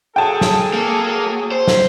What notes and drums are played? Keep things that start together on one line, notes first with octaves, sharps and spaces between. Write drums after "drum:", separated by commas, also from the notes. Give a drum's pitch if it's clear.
F#3 G#4 A4 G5 A5
drum: snare
A#3
C5
drum: snare